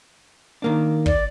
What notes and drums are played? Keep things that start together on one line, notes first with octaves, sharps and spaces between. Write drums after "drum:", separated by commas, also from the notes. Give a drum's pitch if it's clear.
D#3 A#3 D4
D5, drum: kick